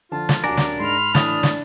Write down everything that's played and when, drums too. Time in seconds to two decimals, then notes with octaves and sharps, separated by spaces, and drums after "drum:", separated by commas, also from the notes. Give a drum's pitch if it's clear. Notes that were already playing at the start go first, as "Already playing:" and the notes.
0.11 D3 F3 F4 A5
0.29 drum: snare
0.44 D#1 D4 F#4 A#4 G#5 D6
0.57 drum: snare
0.80 G#2 B5 C6 F6
1.15 A2 E3 D4 D5 D#6, drum: snare
1.43 drum: snare